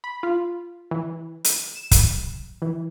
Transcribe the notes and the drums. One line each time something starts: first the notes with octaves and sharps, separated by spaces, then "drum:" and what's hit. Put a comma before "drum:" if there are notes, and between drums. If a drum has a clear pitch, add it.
B5
F4
E3
drum: hi-hat
E7
drum: kick, hi-hat
E3